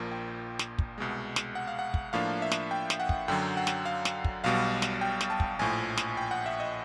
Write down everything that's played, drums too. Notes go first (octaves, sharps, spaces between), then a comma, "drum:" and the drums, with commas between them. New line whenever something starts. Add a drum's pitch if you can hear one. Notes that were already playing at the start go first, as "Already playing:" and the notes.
Already playing: A#1 A#2 F3 A#3
G5
drum: snare
drum: kick
C2 B2 G#3
drum: snare
F#5
F5
F#5
drum: kick
A2 F3 A#3 D4 F5
E5
drum: snare
G5
drum: snare
F#5
drum: kick
F#2 D3 F#3 G5
F#5
drum: snare
F5
drum: snare
drum: kick
B1 B2 G3 F5
drum: snare
G5
drum: snare
A5
drum: kick
A#1 A2 F3 G#5
drum: snare
G5
F#5
E5
D#5